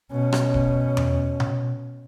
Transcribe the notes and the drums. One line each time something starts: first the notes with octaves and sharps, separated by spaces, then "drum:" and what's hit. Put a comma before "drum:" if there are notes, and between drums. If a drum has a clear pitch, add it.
B2 C#4
drum: rim click
drum: kick D1
drum: tom E2
drum: tom B2